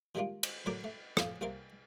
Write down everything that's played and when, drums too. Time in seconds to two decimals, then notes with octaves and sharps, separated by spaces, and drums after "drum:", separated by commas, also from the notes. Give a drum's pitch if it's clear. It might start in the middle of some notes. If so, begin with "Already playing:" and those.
0.15 D#3 G3 G#3 A#3 D4 F4
0.43 drum: cymbal
0.66 A2 D3 F#3 A#4 A5 D6
0.84 A3
1.17 F2 A2 F5, drum: rim click
1.41 C2 A#3 C4 A#4 F5